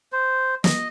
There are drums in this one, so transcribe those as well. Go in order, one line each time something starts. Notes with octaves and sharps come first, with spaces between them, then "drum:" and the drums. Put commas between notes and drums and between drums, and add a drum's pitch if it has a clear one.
C5
D#5, drum: snare